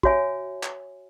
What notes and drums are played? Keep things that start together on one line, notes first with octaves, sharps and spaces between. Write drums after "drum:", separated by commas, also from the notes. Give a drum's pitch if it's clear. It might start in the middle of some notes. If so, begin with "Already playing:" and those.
F#4 C#5 E5 G#5, drum: kick
drum: clap